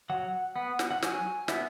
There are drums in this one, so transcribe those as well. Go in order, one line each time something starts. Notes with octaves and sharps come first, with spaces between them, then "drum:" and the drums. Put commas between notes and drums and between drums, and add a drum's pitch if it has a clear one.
F#3 F#5
B3 F#5
drum: snare
F#5
F#3 G#5, drum: snare
B3 E5, drum: snare